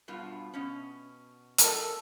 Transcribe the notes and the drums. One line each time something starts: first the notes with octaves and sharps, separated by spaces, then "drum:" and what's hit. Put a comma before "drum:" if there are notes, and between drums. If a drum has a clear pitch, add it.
G2 B2 F4
B2 C#4
A4 A#4 A5, drum: hi-hat